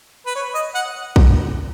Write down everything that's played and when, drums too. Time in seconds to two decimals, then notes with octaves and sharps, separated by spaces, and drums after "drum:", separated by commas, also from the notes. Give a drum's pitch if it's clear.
0.26 B4
0.35 C#5
0.55 D#5
0.75 F#5
1.16 drum: kick